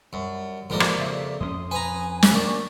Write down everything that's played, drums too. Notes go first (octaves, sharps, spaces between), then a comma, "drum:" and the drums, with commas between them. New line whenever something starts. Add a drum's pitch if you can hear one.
F#2 G3
F2 A2 D#3 F3 G3 G#3 A#3
drum: rim click
C#3 D5 E5
F2 G#3 C#4 C6 D#6
B4 G#5 A#5
drum: snare
D#3 A#3 D4 C#6 A6